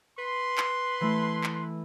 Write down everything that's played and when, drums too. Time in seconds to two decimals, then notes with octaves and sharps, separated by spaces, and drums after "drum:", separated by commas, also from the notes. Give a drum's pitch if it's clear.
0.18 B4 C6
0.58 drum: clap
1.01 E3 A3 E4
1.44 drum: clap